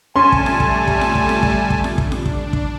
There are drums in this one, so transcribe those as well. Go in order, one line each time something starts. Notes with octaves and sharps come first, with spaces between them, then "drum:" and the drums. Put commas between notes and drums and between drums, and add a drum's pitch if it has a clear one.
G3 A3 C#4 G#5 A5 C6
drum: kick
drum: snare F4
drum: kick
drum: kick
drum: snare F4
drum: kick
drum: snare F4
drum: kick
drum: kick
drum: snare F4
D4, drum: kick
drum: snare F4
drum: kick
drum: kick